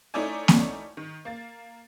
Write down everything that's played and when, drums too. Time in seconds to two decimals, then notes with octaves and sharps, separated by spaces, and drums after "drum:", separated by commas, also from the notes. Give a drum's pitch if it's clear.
0.14 A3 C#4 D#4 E4 D5 G#5
0.48 drum: snare A#3
0.97 D#3
1.25 A#3 A6